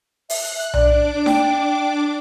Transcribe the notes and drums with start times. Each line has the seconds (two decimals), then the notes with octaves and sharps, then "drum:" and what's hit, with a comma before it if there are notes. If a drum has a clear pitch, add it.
0.30 E5 F#6, drum: open hi-hat
0.74 D4 D5 D6, drum: tom B1
1.26 G5, drum: snare D#4